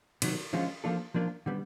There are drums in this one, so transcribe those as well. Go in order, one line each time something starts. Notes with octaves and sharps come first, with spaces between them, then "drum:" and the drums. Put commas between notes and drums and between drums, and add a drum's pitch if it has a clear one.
C3 D#3 F#3, drum: cymbal
D3 F3 G#3 C#4 F4
F3 A#3 D4 F4 A4
F3 A#3 D4 F4 A#4
D3 G3 B3